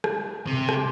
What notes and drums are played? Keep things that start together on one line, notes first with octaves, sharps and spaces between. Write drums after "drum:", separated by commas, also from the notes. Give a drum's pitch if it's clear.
drum: rim click
C3
drum: rim click